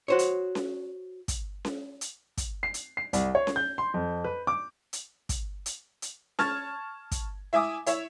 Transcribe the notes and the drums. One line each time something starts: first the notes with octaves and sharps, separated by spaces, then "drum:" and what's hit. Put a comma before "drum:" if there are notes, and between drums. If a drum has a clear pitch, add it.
F#4 C5 C#5
drum: hi-hat
drum: snare C#4
drum: kick, hi-hat
drum: snare C#4
drum: hi-hat
drum: kick, hi-hat
C7
drum: hi-hat
C7
C2, drum: hi-hat
C#5
drum: snare C#4
G6
C6
F2
B4
D6
drum: hi-hat
drum: kick, hi-hat
drum: hi-hat
drum: hi-hat
A5 C#6 F6 G#6 A6, drum: snare C#4
drum: kick, hi-hat
E4 E5 G#5 D6 D#6
E4 C#5 E5, drum: hi-hat